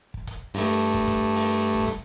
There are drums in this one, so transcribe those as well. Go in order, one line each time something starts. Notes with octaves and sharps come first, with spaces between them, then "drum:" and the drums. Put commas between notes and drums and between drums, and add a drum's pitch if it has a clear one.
drum: kick
drum: kick, hi-hat
G2 A3, drum: open hi-hat
drum: kick
drum: kick, hi-hat
drum: open hi-hat
drum: kick
drum: kick, hi-hat